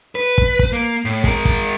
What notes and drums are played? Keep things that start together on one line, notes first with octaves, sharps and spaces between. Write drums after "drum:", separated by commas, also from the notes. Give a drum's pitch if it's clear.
B4
drum: kick
drum: kick
A#3
A2
G#3 A#4, drum: kick
drum: kick